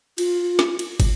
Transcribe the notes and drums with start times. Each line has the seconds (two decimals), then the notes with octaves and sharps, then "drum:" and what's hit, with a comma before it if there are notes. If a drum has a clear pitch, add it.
0.18 F4, drum: cymbal
0.59 drum: snare
0.79 drum: cymbal
1.00 drum: kick, cymbal